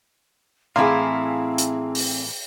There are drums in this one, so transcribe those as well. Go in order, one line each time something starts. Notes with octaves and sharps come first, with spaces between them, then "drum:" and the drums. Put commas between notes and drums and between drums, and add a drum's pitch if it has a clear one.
A2 E3 C4 E4 G#4 F5 A#5 C6
drum: hi-hat
drum: open hi-hat